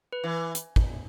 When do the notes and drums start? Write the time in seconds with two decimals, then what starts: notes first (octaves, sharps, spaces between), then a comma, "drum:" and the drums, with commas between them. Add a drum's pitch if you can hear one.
0.13 B4
0.24 E3
0.55 drum: hi-hat
0.76 drum: kick